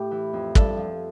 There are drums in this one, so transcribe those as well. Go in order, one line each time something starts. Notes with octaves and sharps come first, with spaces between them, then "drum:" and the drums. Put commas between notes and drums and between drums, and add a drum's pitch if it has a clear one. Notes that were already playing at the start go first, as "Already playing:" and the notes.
Already playing: A2 G4
E3
F2
G2 A4, drum: kick
F3